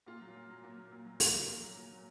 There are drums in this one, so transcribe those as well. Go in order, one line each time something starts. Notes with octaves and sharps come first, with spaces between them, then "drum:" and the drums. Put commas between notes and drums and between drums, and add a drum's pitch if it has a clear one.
A#2 F4
F#3
A#2
F#3
A#2
F#3
A#2
F#3
A#2, drum: open hi-hat
F#3
A#2
F#3
A#2
F#3